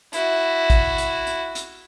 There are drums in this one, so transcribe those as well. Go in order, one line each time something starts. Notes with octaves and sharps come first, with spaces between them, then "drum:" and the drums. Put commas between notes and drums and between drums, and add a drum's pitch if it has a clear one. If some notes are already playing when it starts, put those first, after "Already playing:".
E4 F#4, drum: hi-hat
drum: kick A1, hi-hat
drum: hi-hat
drum: hi-hat
drum: hi-hat